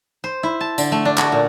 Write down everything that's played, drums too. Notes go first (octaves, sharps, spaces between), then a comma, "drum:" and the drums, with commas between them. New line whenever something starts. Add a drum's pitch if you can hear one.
C5
E4
A5
D3, drum: tambourine
A3
D4
F#4, drum: clap
A#2